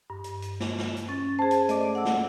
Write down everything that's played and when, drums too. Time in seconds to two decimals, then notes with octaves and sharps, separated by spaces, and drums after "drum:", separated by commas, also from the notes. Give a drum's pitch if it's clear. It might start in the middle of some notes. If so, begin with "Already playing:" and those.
0.10 G2
0.24 drum: hi-hat
0.42 drum: hi-hat
0.60 drum: snare
0.78 drum: snare
0.96 drum: hi-hat
1.09 C#4 A6
1.39 G#4 C5 A5
1.51 drum: hi-hat
1.69 A3 D5 D#5 D6, drum: hi-hat
1.95 F#5 E6
2.05 drum: snare